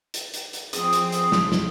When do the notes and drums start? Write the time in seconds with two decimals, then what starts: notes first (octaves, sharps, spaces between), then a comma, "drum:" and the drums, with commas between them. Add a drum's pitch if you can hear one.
0.14 drum: hi-hat
0.34 drum: hi-hat
0.53 drum: hi-hat
0.73 F3 C4 G#4 D#6, drum: hi-hat
0.93 drum: hi-hat
1.12 drum: hi-hat
1.32 drum: snare
1.52 drum: snare